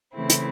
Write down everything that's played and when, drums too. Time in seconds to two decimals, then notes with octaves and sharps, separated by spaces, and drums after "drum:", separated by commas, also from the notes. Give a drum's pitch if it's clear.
0.14 C#3 E3 A3 C4 E4
0.30 drum: hi-hat